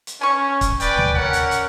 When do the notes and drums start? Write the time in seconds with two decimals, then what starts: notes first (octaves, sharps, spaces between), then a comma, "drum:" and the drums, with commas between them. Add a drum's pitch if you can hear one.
0.07 drum: hi-hat
0.21 C#4 G#5 C#6
0.61 drum: kick C#1, hi-hat
0.80 B4 D5 G5, drum: hi-hat
0.97 drum: tom
1.15 C#4 A#4 F#5
1.33 drum: hi-hat
1.51 drum: hi-hat